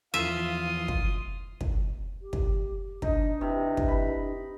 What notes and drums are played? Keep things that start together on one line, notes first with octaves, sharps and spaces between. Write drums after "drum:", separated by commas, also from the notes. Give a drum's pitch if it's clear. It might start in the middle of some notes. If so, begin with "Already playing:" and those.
E2 F3 F4 E5 C6 D#6
drum: kick
drum: kick
G4
drum: kick
D4 D#4, drum: kick
C3 E4 B4
drum: kick
B5